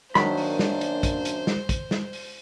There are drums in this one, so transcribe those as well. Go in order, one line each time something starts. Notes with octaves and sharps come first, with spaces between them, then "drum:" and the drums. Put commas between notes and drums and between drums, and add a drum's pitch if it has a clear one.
F#2 D#3 F#3 A#3 D4 C5 B5, drum: snare
drum: open hi-hat
drum: snare
drum: hi-hat
drum: kick, hi-hat
drum: hi-hat
drum: snare
drum: kick, hi-hat
drum: snare
drum: open hi-hat